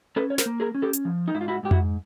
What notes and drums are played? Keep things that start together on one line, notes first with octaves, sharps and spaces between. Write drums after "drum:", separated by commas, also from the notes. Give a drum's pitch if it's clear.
C#4 A4 B4
C#5
A#4 C5, drum: snare
A#3
G#4 A#4
C#4
G4 A4
drum: hi-hat
F3
D#4
G#2 E4
F4
E4 F#4
G#2 G4
E4 F#4, drum: tom F2